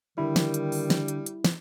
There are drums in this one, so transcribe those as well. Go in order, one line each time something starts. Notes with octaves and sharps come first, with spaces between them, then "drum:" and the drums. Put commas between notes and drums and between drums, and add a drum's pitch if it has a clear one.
D3 D#3 G3 E4
drum: snare
drum: hi-hat
drum: open hi-hat
drum: snare
drum: hi-hat
drum: hi-hat
drum: snare